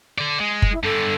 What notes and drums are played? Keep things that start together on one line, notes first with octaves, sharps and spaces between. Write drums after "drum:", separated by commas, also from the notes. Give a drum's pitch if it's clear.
D3 D5
G#3
drum: kick F#1
E4
G2 D3 A4